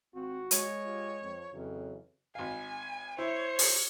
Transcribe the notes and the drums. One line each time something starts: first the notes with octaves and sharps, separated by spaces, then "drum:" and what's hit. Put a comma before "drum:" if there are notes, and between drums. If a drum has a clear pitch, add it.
G#1 C4 F4 F#4
G#3 C#5, drum: hi-hat
F4 G4
F2
F2 C#3 E3 F#3
G#1 F5 G#5
E4 C5 C#5
drum: open hi-hat